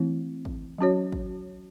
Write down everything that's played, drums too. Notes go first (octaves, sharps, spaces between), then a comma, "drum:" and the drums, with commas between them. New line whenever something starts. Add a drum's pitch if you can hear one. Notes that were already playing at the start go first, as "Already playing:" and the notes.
Already playing: E3 A3 C4 E4
drum: kick
F#3 C#4 F#4 C#5
drum: kick